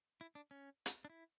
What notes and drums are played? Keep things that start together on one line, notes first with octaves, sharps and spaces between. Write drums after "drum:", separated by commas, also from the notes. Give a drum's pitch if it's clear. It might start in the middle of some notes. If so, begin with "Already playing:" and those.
E4
D4
C#4
drum: hi-hat
D4
E4